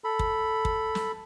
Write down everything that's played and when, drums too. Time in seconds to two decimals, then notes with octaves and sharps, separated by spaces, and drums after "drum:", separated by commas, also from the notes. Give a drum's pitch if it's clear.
0.04 A4 B5
0.19 drum: kick
0.65 drum: kick
0.95 drum: snare